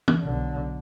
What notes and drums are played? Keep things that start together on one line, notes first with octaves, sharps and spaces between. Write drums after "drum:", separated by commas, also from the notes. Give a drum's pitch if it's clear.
drum: tom
B1 D3